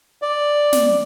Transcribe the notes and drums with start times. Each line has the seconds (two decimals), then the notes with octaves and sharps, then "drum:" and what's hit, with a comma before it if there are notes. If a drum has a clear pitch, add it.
0.22 D5
0.73 drum: snare